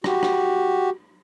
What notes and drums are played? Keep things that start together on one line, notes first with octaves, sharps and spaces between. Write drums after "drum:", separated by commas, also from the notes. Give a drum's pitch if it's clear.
F#4 G4, drum: rim click
drum: rim click